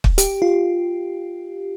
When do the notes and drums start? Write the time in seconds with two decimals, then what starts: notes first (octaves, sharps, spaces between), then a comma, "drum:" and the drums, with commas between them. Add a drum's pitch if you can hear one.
0.04 drum: kick
0.18 G4, drum: hi-hat
0.42 F4